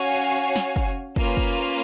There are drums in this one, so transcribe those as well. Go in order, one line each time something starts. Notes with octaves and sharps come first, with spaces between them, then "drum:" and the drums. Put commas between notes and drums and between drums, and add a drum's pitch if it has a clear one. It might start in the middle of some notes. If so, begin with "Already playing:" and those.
Already playing: C#4 F#4 C#5 F5 G#5
drum: snare
drum: kick
A#3 C#4 F4 B4, drum: kick
drum: kick